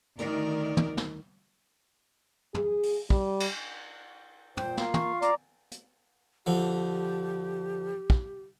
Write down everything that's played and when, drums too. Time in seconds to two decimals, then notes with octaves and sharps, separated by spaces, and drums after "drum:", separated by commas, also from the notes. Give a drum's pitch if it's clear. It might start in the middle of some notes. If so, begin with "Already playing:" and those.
0.18 D2 D#3 A#4 D5, drum: hi-hat
0.77 drum: tom
0.97 drum: snare
2.54 G#4, drum: tom
2.83 drum: open hi-hat
3.10 G3, drum: kick
3.40 drum: cymbal
4.57 A#2 C5 G5, drum: tom
4.77 A#3 F4 F5, drum: snare
4.94 C#6, drum: tom
5.22 D5 A#5 D6, drum: hi-hat
5.71 drum: hi-hat
6.46 F2 D3 F3 G4
8.10 drum: kick